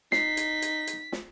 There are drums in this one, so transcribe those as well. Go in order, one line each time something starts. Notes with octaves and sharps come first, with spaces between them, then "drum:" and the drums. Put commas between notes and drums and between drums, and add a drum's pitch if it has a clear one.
D#4 B6 C7, drum: snare
drum: hi-hat
drum: hi-hat
drum: hi-hat
drum: snare